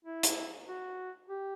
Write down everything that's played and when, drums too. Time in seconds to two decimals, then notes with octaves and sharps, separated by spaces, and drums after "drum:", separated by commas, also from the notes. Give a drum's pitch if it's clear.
0.05 E4
0.23 drum: hi-hat
0.67 F#4
1.29 G4